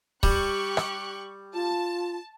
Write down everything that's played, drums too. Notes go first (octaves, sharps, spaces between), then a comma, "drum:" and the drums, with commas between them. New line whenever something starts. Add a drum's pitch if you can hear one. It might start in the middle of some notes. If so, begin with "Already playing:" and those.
G3 G4 C#6 F#6, drum: kick
drum: rim click
F4 A5